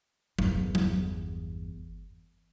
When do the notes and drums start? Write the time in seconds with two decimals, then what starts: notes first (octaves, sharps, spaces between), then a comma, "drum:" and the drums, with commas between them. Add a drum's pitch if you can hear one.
0.39 G1 E2, drum: tom F#3
0.75 drum: tom F#3